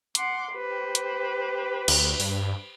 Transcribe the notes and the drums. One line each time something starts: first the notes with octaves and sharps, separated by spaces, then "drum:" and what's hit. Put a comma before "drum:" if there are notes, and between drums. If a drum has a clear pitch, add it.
F#5 C6 D6, drum: hi-hat
G4 B4 C5
drum: hi-hat
D2, drum: cymbal
G2, drum: open hi-hat